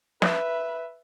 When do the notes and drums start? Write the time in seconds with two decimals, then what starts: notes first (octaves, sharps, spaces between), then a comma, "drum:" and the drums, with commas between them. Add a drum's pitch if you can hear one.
0.22 B4 E5, drum: snare